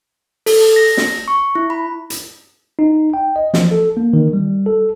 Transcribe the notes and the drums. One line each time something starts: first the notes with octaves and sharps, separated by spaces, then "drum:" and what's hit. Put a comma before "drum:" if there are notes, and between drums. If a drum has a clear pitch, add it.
A4, drum: open hi-hat
A#6
drum: snare
C#6
E4
B5
drum: hi-hat
D#4
G5
D#5
F3, drum: snare
A4
A#3
D#3
G3
A4